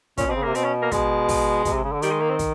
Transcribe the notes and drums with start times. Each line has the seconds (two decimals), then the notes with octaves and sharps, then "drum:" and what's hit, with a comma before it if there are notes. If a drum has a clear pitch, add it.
0.18 A#2 C#4, drum: kick, hi-hat
0.27 B2 C4
0.36 C#3
0.42 C3 A#3
0.55 B2 C4, drum: hi-hat
0.64 C#4
0.82 A#3
0.92 B2 G#3, drum: kick, hi-hat
1.29 drum: kick, open hi-hat
1.65 B2, drum: kick, hi-hat
1.75 C3
1.84 C#3
1.93 D3
2.02 D#3 G3, drum: hi-hat
2.12 G#3
2.21 A#3
2.30 C4
2.39 drum: kick, hi-hat